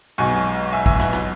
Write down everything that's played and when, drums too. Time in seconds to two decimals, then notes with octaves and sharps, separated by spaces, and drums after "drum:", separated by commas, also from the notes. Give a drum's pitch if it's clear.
0.18 B1 B2 G#3 G#5 C#6
0.72 E5 G#5
0.86 E5 G#5, drum: kick
1.00 B4 E5, drum: rim click
1.13 drum: rim click